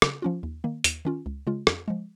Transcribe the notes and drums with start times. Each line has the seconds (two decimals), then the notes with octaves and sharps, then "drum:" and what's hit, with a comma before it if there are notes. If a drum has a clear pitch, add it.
0.02 C#3, drum: rim click
0.22 F3 C#4 F4
0.43 D#2
0.64 D#3 A#3
0.84 D#2, drum: hi-hat
1.05 D#3 C#4 F4
1.26 C#2
1.47 C#3 G#3 F4
1.67 F2, drum: rim click
1.88 F3 G#3